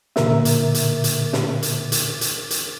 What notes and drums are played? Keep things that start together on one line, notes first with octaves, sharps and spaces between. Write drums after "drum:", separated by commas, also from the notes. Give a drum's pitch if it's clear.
A#2 D3 A#4 E5, drum: snare
drum: hi-hat
drum: hi-hat
drum: hi-hat
drum: snare
drum: hi-hat
drum: hi-hat
drum: hi-hat
drum: hi-hat